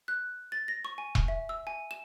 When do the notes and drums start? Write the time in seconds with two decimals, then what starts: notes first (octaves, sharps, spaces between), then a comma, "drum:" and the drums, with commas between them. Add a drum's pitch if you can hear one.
0.08 F#6
0.52 A6
0.68 A#6
0.85 C#6
0.98 G#5
1.15 drum: kick E1
1.28 E5
1.49 E6
1.67 G#5
1.91 E7